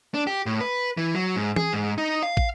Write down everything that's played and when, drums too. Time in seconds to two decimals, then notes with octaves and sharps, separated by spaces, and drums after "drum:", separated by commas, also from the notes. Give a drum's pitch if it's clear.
0.14 D4
0.27 G4
0.46 A2
0.61 B4
0.97 E3
1.15 F#3
1.36 G#2
1.56 G#4, drum: tom E3
1.73 G#2
1.98 D#4
2.23 F5
2.37 drum: kick